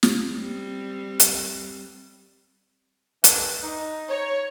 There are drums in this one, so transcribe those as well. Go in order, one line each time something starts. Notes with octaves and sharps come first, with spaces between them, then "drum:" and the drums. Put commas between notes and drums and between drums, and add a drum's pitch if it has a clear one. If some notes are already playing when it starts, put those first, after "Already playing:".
drum: snare
G3 C4
drum: hi-hat
G2 D3 E3, drum: hi-hat
D#4
C#5